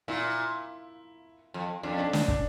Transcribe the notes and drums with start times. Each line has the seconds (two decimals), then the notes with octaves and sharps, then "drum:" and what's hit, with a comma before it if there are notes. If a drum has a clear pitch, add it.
0.08 A#2 E4
1.54 F2
1.83 F2 D4
1.92 C#4
1.99 D4
2.13 D4, drum: snare
2.28 D4, drum: kick